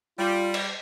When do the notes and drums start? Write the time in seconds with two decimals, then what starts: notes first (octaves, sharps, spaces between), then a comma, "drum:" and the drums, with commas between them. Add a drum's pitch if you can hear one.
0.19 G3 F4
0.54 drum: cymbal